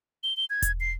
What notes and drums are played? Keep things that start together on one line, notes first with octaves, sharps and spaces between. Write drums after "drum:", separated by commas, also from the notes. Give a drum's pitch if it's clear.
G7
G7
G#6
drum: kick E1, hi-hat
C7